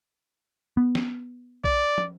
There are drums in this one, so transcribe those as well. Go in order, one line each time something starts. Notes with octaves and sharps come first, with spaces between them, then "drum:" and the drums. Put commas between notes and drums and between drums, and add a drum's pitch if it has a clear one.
B3
drum: snare
D5, drum: kick B1
drum: tom